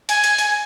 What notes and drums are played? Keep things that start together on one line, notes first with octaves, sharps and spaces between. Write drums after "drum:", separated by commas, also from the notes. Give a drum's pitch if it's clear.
G#5, drum: hi-hat
drum: hi-hat
drum: hi-hat